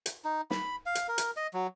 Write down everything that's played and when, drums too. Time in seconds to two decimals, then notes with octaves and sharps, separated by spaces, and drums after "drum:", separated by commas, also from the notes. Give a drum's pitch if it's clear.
0.06 drum: hi-hat
0.25 D#4
0.50 B5, drum: snare
0.86 F5
0.95 drum: hi-hat
1.08 A#4
1.18 drum: hi-hat
1.37 D#5
1.54 F#3